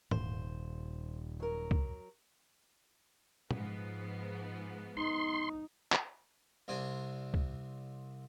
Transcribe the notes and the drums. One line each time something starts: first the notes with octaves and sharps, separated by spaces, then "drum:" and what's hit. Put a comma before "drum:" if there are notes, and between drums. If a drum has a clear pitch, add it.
D#1 C5, drum: tom G#2
F#3 A#4
drum: kick
G#2 F3 B3, drum: tom
D#4 C6
drum: clap
C2 C4 D4 G#5
drum: kick